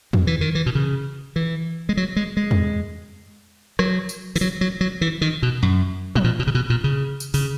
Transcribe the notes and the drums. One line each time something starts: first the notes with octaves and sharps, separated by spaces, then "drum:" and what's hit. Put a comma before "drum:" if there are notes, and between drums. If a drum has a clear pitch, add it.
F#3, drum: tom E2
E3
D#3
E3
B2
C#3
E3
G#3
F#3
G#3
G#3
drum: tom E2
F#3, drum: rim click
drum: tambourine
E3, drum: open hi-hat
F#3
F#3
F#3
E3
D#3
B2
F#2
B2, drum: tom E3
A#2
B2
C#3
B2
A#2
C#3
drum: tambourine
C#3, drum: open hi-hat